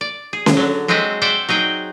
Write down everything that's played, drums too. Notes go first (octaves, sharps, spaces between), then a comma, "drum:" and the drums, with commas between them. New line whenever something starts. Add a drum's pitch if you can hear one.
D5
G#4
drum: snare C#4
D3 F#3
F#3 G#3 C4 G#4 D#5 E5
C5 D5 E5 F#5 G5
F#3 D#4 G#4 G5